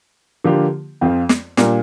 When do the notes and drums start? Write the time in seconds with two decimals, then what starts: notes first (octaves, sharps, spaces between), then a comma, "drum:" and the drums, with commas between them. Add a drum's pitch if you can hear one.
0.44 D3 F3 A#3 G4
1.01 F2 F3 C4 F4
1.29 drum: snare
1.57 A#2 G3 D4 F4 A#4, drum: snare